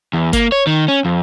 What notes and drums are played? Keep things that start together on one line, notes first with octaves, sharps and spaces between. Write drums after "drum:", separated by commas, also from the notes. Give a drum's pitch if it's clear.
E2
A#3, drum: kick G1, hi-hat
C#5
D#3
C#4
F2